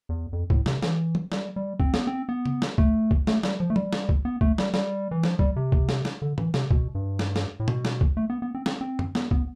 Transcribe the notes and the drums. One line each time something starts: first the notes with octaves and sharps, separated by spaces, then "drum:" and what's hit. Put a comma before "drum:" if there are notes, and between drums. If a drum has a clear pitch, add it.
E2
F2
A2, drum: kick C2
C3, drum: snare
E3, drum: snare
drum: tom F3
G3, drum: snare
G3
C4, drum: kick C2
B3, drum: snare
C4
B3
drum: tom C#3
drum: snare
A3, drum: kick C2
drum: kick C2
A3, drum: snare
G3, drum: snare
F3
A3
G3, drum: tom F3
drum: snare
drum: kick C2
B3
A3, drum: kick C2
G3, drum: snare
G3, drum: snare
E3
F3, drum: snare
G3, drum: kick C2
C3
drum: kick C2
drum: snare
drum: snare
D3
E3, drum: tom A2
C3, drum: snare
B2, drum: kick C2
G2
drum: snare
drum: snare
A2
B2, drum: tom A2
drum: snare
drum: kick C2
A3
B3
B3
C4
C4, drum: snare
C4
drum: tom F#2
B3, drum: snare
B3, drum: kick C2